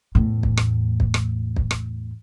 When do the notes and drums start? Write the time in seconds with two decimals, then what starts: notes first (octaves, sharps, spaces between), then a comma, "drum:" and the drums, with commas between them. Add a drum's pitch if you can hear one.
0.15 E2 A2
0.43 drum: kick
0.57 drum: rim click
1.00 drum: kick
1.14 drum: rim click
1.56 drum: kick
1.71 drum: rim click